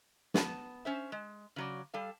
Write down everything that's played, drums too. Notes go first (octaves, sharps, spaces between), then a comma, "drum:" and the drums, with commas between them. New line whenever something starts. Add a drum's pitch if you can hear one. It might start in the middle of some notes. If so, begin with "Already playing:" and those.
B3 A5, drum: snare
C#4 C5 E5
G#3
C#3 F#3 D5
G3 A4 F5